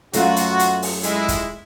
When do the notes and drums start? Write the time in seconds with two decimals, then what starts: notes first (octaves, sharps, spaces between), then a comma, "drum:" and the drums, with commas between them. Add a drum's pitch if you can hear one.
0.13 F#2 A3 F4 F#4, drum: hi-hat
0.36 drum: hi-hat
0.59 drum: hi-hat
0.82 drum: open hi-hat
1.03 G#3 E4, drum: hi-hat
1.28 drum: kick, hi-hat